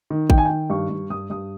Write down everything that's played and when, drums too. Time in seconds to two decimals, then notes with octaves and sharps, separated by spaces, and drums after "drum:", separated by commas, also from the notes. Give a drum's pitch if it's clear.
0.10 D#3
0.30 D#3 G5, drum: kick A1
0.38 G#5
0.45 D#3 G5
0.70 G2 C#6
0.90 G2
1.10 G2 D#6
1.30 G2 D#6